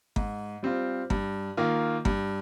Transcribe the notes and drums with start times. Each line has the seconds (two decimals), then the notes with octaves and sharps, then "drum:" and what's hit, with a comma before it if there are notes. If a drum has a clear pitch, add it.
0.16 G#2, drum: kick G1
0.63 G3 C4 F4
1.10 G2, drum: kick G1
1.57 D#3 A#3 F4
2.05 G2, drum: kick G1